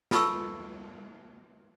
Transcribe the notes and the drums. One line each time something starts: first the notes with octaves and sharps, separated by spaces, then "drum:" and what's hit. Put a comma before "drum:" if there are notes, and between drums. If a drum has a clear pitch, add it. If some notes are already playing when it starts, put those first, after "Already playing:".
F4 A4 B4 A5 C#6 E6, drum: snare